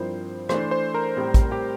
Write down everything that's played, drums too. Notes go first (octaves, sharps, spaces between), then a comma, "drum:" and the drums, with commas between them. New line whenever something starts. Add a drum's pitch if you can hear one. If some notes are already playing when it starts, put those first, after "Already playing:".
Already playing: G2 F3 C4 E4 A#4 C5
E3 A3 D4 C5 C6, drum: rim click
C5 C6
A#4 A#5
A2 G3 C4
drum: kick, hi-hat
G4 G5